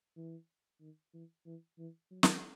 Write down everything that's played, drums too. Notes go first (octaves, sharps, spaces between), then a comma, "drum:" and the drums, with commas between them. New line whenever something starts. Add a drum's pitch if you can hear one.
E3
D#3
E3
E3
E3
F#3
drum: snare